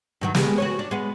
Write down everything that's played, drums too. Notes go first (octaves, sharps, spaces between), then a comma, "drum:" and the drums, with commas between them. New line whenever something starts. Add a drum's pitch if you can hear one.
G2 D#3 F#3
G3 G#3 B3, drum: snare
F#4 B4 C#5
D4
G#3 B3